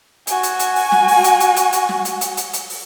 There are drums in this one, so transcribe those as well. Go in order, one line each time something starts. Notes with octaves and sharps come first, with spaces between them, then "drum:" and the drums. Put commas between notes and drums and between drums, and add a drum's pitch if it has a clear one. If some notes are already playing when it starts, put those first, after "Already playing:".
F#4 G#5, drum: hi-hat
drum: hi-hat
drum: hi-hat
drum: open hi-hat
drum: snare
drum: open hi-hat
drum: hi-hat
drum: hi-hat
drum: hi-hat
drum: hi-hat
drum: snare
drum: hi-hat
drum: hi-hat
drum: hi-hat
drum: hi-hat
drum: open hi-hat